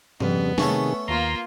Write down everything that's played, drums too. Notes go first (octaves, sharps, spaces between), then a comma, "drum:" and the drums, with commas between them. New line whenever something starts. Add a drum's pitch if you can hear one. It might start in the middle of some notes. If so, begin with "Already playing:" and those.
F2 C#3 G3 B3, drum: tom G#2
C3 D#3 A3 C#4 G#4 A4, drum: snare
D#2 A#3 F4 A#5 C6